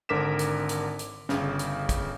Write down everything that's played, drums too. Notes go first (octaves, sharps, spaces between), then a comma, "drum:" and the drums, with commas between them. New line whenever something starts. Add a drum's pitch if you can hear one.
G#1 D3 A#4 D6 B6 E7
drum: hi-hat
drum: hi-hat
drum: hi-hat
G1 C#3, drum: snare
drum: hi-hat
drum: kick, hi-hat